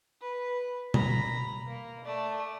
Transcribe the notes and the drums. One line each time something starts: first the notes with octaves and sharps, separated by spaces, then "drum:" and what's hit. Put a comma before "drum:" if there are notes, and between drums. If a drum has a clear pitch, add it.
B4
A#5 B5, drum: tom B2
A#3
A3 D5